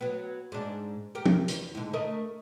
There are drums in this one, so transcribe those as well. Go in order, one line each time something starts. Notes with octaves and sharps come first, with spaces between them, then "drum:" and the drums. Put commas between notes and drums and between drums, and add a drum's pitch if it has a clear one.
F#3 B3
G#2 D4
G4 A#4
drum: tom
E2, drum: hi-hat
G#2 D3
A3 A#4 D#5